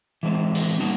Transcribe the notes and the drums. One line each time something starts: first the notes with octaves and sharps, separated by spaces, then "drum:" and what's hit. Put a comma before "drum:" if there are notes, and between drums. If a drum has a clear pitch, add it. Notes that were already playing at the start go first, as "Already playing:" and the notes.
E3 G#3 C4
drum: open hi-hat
G3 A#3 D#4 F#4